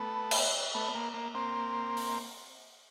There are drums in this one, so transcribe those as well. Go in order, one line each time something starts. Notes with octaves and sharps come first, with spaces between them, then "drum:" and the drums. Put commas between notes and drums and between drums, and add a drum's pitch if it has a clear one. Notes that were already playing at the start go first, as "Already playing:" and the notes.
Already playing: A3 B3
drum: cymbal
A3 B3
A#3
A#3
A#3 C4
drum: open hi-hat